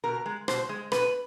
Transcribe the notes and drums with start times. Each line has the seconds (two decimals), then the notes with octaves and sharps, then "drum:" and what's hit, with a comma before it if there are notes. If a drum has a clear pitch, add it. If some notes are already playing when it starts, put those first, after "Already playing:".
0.04 B2 A#4
0.26 G#3
0.48 B2 C5, drum: rim click
0.69 G#3
0.92 B2 B4, drum: rim click